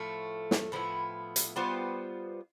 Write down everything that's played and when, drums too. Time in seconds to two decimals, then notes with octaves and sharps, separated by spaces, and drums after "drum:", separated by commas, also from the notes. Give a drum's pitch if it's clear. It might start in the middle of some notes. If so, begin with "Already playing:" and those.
Already playing: A2 F3 A3
0.51 drum: snare
0.72 A2 F3 B3 E4
1.36 drum: hi-hat
1.56 G3 B3 F4 C5